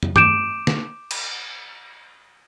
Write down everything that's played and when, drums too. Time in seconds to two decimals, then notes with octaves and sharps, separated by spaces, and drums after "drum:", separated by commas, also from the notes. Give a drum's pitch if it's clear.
0.03 drum: tom
0.16 D6 G6 D7 E7, drum: tom
0.67 drum: snare
1.11 drum: cymbal